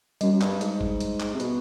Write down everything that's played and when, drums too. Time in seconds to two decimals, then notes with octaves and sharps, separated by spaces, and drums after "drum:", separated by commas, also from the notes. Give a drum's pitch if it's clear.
0.21 F#2 G3, drum: hi-hat
0.33 F#2
0.41 G2, drum: clap
0.61 G#2, drum: hi-hat
0.81 drum: kick G#1
1.00 drum: hi-hat
1.20 drum: clap
1.34 C3
1.40 B2, drum: hi-hat